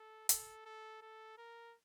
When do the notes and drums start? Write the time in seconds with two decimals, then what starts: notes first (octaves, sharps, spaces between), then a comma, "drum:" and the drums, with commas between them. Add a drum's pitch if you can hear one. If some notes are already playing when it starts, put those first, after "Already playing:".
Already playing: A4
0.29 A4, drum: hi-hat
0.66 A4
1.02 A4
1.38 A#4